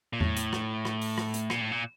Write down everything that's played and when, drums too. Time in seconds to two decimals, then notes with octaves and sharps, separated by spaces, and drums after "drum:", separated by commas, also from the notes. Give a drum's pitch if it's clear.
0.13 A#2
0.21 A2, drum: tom E2
0.37 drum: hi-hat
0.53 drum: rim click
0.85 drum: rim click
1.01 drum: open hi-hat
1.18 drum: rim click
1.34 drum: hi-hat
1.50 A#2, drum: rim click
1.61 A2
1.71 A#2